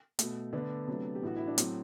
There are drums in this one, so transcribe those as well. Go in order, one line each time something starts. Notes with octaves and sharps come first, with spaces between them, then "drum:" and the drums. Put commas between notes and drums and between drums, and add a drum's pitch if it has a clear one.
B2 A3, drum: hi-hat
D3 A3 B3 D4
C3 F#3 A3
G4
A2 E3 A3 F#4
E4
D4
A2 F#3 A3 C4, drum: hi-hat